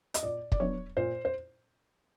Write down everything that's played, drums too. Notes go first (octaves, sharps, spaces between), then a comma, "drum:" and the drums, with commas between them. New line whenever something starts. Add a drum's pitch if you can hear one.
D#5, drum: hi-hat
A#2 D5
D5, drum: kick
F#3 B3 D4 C#5
A#2 C5
C5